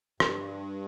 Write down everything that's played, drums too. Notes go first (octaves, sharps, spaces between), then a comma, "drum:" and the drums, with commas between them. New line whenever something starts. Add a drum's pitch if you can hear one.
G2, drum: rim click